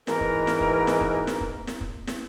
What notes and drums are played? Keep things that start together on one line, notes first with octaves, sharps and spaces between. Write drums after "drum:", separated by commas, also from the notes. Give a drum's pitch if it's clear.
G#2 B2 E3 A#4, drum: snare
drum: kick
drum: snare
drum: kick
drum: snare
drum: kick
drum: snare
drum: kick
drum: snare
drum: kick
drum: snare